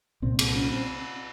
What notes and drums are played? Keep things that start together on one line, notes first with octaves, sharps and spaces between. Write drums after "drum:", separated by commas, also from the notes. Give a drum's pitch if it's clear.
C2 A#2 C4
C4, drum: cymbal
C#4
C4